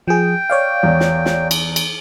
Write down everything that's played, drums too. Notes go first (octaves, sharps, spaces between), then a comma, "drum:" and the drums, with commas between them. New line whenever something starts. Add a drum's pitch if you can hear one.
F3 G#4 G5
C#5 D5 F5
E2
drum: snare
drum: snare
drum: cymbal
drum: cymbal